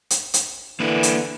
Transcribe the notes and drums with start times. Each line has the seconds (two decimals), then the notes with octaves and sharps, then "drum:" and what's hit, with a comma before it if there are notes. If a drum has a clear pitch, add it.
0.10 drum: hi-hat
0.34 drum: hi-hat
0.80 D3 E3 A#3 B4
1.03 drum: hi-hat